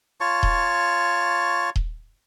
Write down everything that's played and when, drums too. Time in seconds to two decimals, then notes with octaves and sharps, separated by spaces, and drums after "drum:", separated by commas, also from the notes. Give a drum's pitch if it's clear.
0.21 F4 C#5 A5 C#6
0.43 drum: kick D#1
1.76 drum: kick D#1